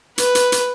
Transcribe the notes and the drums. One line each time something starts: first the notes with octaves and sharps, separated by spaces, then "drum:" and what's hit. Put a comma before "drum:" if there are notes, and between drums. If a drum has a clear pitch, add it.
B4, drum: hi-hat
drum: hi-hat
drum: hi-hat